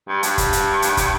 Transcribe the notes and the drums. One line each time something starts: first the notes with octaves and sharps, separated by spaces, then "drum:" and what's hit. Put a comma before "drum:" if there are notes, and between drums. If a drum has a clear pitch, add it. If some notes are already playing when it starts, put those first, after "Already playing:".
G2
G2, drum: hi-hat
drum: kick, hi-hat
drum: hi-hat
drum: hi-hat
drum: kick, hi-hat